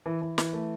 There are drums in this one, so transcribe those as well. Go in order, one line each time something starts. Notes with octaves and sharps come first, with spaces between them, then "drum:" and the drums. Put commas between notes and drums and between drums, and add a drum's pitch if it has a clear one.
E3
E3
E3, drum: snare
A3